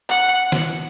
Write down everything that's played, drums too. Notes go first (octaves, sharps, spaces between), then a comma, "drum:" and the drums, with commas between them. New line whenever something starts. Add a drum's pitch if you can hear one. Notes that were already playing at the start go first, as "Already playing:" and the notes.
F#5, drum: clap
drum: snare